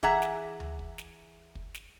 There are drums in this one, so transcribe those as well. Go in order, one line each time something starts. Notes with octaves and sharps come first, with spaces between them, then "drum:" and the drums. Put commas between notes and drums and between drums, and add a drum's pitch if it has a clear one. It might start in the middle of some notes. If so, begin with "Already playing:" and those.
E3 G#4 E5 F#5 A#5, drum: kick
drum: snare
drum: tom D2
drum: kick
drum: snare
drum: kick
drum: snare